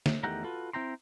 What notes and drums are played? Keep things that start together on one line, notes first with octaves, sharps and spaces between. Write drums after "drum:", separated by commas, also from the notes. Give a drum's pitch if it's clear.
drum: snare
E2 D#3 A3 G4 F#5 A#5
F4 F#4 A4 B4
C4 E4 G5 A#5 C6